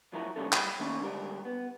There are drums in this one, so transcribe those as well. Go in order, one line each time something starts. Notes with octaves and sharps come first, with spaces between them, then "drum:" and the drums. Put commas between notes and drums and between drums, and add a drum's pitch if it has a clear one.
A2 F3 F#3 E4 A#4
C#3 F#3 G3 A3 C#4 A4
G3 B5, drum: clap
D#3 A3 A#3 C#4 D#4
D3 G3 G#3 G4 A#4
B3